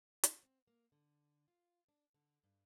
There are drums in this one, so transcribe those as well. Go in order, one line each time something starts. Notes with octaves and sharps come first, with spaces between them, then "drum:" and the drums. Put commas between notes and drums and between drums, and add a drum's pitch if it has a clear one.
F#4, drum: hi-hat
C4
A#3
D3
F4
D4
D3
G2